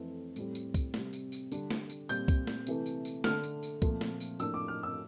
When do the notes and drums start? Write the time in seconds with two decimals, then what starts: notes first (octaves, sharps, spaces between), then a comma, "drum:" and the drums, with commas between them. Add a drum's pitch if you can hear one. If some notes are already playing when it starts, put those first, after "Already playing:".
Already playing: F2 E3 A3 C4
0.36 A2 G3 C4, drum: tambourine
0.55 drum: tambourine
0.74 drum: kick C2, tambourine
0.94 C3 G3 C4, drum: snare
1.13 drum: tambourine
1.32 drum: tambourine
1.52 D3 G3 D4, drum: tambourine
1.71 drum: snare
1.90 drum: tambourine
2.09 A#2 G3 C4 G6, drum: tambourine
2.28 drum: kick C2, tambourine
2.47 drum: snare
2.67 C3 E3 A3, drum: tambourine
2.86 drum: tambourine
3.05 drum: tambourine
3.24 D3 A3 D4 F6, drum: snare
3.44 drum: tambourine
3.63 drum: tambourine
3.82 A#2 F3 A3 C4, drum: kick C2, tambourine
4.01 drum: snare
4.20 drum: tambourine
4.40 A2 F3 A#3 D4 E6, drum: tambourine
4.54 D6
4.68 F6
4.83 E6